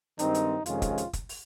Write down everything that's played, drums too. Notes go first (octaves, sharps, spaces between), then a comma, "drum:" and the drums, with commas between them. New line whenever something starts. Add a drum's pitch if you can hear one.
G2 D#3 G#3 C4 D#4, drum: hi-hat
drum: hi-hat
F2 C3 D#3 G#3 C#4 F4, drum: hi-hat
drum: kick, hi-hat
drum: hi-hat
drum: kick, hi-hat
drum: open hi-hat